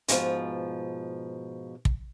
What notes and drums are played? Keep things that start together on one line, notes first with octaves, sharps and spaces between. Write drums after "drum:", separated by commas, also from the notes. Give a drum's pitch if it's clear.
G#2 B2 D3 F3, drum: hi-hat
drum: kick